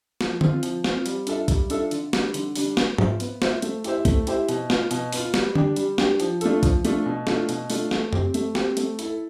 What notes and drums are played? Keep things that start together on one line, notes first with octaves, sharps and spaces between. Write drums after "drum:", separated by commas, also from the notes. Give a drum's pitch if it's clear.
F3, drum: snare
C4 F4, drum: tom D3
F3, drum: hi-hat
C4 F4, drum: snare
G3, drum: hi-hat
D4 F4 A4 E5, drum: hi-hat
G3, drum: kick, hi-hat
D4 F4 A4 E5, drum: hi-hat
D3, drum: hi-hat
G3 D4, drum: snare
D3, drum: hi-hat
G3 D4, drum: open hi-hat
B3, drum: snare
F4 C5 E5, drum: tom G#2
B3, drum: hi-hat
F4 C5 E5, drum: snare
A3, drum: hi-hat
E4 G4 C5 E5, drum: hi-hat
A3, drum: kick, hi-hat
E4 G4 C5 E5, drum: hi-hat
B2, drum: hi-hat
B3 F4, drum: snare
B2, drum: hi-hat
B3 F4, drum: open hi-hat
G3, drum: snare
D4 G4, drum: tom D3
G3, drum: hi-hat
D4 G4, drum: snare
F3, drum: hi-hat
A3 D4 F4 A4, drum: hi-hat
F3, drum: kick, hi-hat
A3 D4 F4 A4, drum: hi-hat
B2
A3 D4 F4, drum: snare
B2, drum: hi-hat
A3 D4 F4, drum: open hi-hat
A3, drum: snare
C4 G4, drum: tom F2
A3, drum: hi-hat
C4 G4, drum: snare
A3, drum: hi-hat
E4 A4, drum: hi-hat